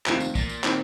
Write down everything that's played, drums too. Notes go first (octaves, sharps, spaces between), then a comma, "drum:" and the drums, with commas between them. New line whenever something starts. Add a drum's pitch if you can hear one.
F1 D#2 C3 D#3 C4 F4, drum: clap
drum: tambourine
A#2, drum: kick, tambourine
drum: tambourine
D#3 C4, drum: clap